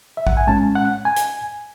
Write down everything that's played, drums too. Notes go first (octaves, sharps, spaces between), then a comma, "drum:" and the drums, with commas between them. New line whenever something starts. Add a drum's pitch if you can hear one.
E5
F#5, drum: kick A#1
G#5
A2 G#3 C#4 A5
F#5
G#5
drum: hi-hat